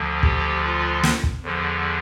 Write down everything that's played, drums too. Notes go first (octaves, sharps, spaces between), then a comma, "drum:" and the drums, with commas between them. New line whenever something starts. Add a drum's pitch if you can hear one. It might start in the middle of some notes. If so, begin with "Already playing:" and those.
Already playing: D2 D3 F3
G4, drum: kick
F4
drum: snare
drum: kick
E2 D3 F3